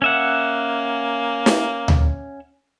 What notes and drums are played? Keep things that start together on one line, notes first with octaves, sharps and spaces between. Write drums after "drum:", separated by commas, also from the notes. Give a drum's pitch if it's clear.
A#3 C#4 E5 F#5
drum: snare
drum: tom D2